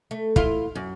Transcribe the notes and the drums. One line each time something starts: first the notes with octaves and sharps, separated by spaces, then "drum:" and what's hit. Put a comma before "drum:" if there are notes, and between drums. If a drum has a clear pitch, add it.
A3
E4 F4, drum: kick
F#2